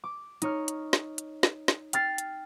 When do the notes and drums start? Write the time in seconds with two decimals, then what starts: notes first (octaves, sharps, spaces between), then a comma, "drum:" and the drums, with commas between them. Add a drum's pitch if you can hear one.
0.04 D6
0.42 D#4 C#5 F6, drum: hi-hat
0.68 drum: hi-hat
0.93 drum: snare
1.18 drum: hi-hat
1.43 drum: snare
1.68 drum: snare
1.93 G5 F6 A6 C7, drum: hi-hat
2.18 drum: hi-hat